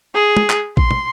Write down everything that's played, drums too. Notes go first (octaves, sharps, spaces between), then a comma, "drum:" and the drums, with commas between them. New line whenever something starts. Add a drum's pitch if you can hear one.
G#4
drum: tom
drum: clap
C6, drum: kick
drum: tom